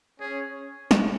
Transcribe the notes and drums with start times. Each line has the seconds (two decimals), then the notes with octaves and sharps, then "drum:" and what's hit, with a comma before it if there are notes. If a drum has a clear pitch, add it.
0.20 C#4 G#4
0.91 drum: snare